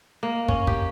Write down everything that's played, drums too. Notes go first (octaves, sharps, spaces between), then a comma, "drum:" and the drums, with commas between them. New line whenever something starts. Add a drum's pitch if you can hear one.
A#3
C#4, drum: kick
G4, drum: kick